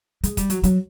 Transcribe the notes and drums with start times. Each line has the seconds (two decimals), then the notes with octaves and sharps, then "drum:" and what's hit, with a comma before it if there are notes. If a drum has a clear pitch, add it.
0.24 G#3, drum: hi-hat
0.37 G3, drum: kick, hi-hat
0.50 F#3, drum: hi-hat
0.64 F#3, drum: hi-hat